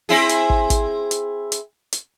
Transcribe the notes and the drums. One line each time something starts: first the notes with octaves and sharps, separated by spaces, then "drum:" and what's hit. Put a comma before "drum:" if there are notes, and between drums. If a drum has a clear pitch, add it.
C4 E4 G#4
drum: hi-hat
drum: kick
drum: kick, hi-hat
drum: hi-hat
drum: hi-hat
drum: hi-hat